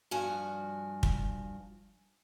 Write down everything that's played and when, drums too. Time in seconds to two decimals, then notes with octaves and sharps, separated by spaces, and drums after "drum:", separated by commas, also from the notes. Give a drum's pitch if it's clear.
0.11 G2 F3 F#4 G#5
1.03 drum: kick